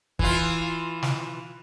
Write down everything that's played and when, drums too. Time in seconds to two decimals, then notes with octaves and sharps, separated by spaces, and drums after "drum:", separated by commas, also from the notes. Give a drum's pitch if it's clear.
0.19 E3 F4, drum: kick
1.03 drum: snare